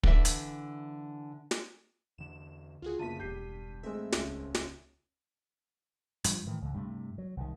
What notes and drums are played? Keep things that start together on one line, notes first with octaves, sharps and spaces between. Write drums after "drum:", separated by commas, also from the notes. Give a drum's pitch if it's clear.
D3 E3 E5, drum: kick
drum: hi-hat
drum: snare
E2 D3 E7
C#2 E3 F4 F#4 G#4
F#1 D3 A#3 B3 A5 B6 D#7
E1 G2 E3 G4 G6 C7
D#3 G#3 A3 C4 E5
D#1 C#2 C#4, drum: snare
drum: snare
G2 F3, drum: hi-hat
A2 D#3 E3
C#2 D3
G2 C3 A3
F#3
C2 D#3